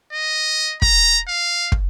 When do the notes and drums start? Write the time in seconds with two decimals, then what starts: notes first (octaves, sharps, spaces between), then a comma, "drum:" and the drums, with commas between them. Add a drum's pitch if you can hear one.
0.13 D#5
0.82 A#5, drum: kick
1.28 F5
1.72 drum: kick